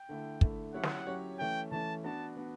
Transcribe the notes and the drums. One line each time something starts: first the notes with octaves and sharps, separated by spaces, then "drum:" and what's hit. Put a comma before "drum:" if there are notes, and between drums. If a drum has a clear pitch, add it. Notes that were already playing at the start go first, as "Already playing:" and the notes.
Already playing: G5
D3 A3 E4
D3 A3 E4, drum: kick
F#3 C#4 E4 G4 C#5 F#5
drum: snare
F#3 C#4 E4 G4 C#5
E3 A3 C#4 G5
E3 A3 C#4 A5
B3 D4 F#4 A5
B3 D4 F#4